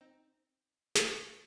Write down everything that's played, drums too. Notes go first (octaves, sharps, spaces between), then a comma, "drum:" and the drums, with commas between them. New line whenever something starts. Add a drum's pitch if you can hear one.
C4 D#4
drum: snare